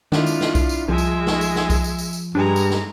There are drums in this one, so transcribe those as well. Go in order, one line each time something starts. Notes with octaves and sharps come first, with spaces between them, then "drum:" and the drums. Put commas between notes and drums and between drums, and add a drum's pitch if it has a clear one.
D#3 D4 E4 F4, drum: snare
drum: tambourine
drum: snare
drum: kick B1, tambourine
drum: tambourine
C2 F3 G#3 E5
drum: tambourine
drum: snare
drum: tambourine
drum: snare
drum: kick B1, tambourine
drum: tambourine
drum: tambourine
drum: tambourine
G2 G#3 D4 A#5
drum: tambourine
drum: snare